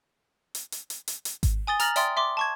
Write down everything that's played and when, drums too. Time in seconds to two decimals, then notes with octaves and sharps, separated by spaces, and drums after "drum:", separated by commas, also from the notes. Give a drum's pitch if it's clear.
0.55 drum: hi-hat
0.72 drum: hi-hat
0.90 drum: hi-hat
1.08 drum: hi-hat
1.25 drum: hi-hat
1.43 drum: kick G#1, hi-hat
1.67 G#5 D#6 A6 G7
1.80 A#5 F6 A6 A#6 F#7, drum: hi-hat
1.96 D5 E5 G5 C6 D#6 A6, drum: hi-hat
2.17 E5 C6 D6
2.37 A5 C#6 G#6